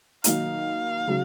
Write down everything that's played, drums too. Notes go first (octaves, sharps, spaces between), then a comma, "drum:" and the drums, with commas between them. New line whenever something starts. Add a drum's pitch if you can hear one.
D#3 F#3 A#3 D#4 F5, drum: hi-hat
C#3 F#3